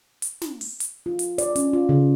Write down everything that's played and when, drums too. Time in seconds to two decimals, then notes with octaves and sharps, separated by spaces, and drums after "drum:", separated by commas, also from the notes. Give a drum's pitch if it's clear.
0.22 drum: hi-hat
0.42 drum: snare
0.61 drum: open hi-hat
0.80 drum: hi-hat
1.06 F4
1.19 drum: hi-hat
1.38 D5, drum: hi-hat
1.56 C#4, drum: hi-hat
1.73 F4
1.89 C#3